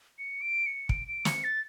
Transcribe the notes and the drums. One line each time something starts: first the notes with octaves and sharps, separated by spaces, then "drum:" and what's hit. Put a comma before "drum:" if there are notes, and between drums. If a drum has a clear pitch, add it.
C#7
D7
C#7
D7, drum: kick
D7
C#7, drum: snare
A6